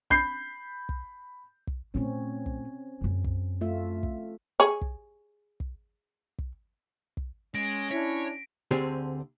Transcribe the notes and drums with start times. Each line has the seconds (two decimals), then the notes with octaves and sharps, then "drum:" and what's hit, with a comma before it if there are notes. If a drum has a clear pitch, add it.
0.10 B5 G6 C7, drum: kick
0.89 drum: kick
1.67 drum: kick
1.94 A#2 A3 C4 C#4
2.46 drum: kick
3.01 F#2 C#3
3.24 drum: kick
3.61 A3 F4 E5
4.03 drum: kick
4.60 G#4 C#5
4.81 drum: kick
5.60 drum: kick
6.39 drum: kick
7.17 drum: kick
7.55 G#3 C#4 A#6 D7
7.91 D4 E4 C#5 B6
8.71 D2 D3 C4 G4 G#4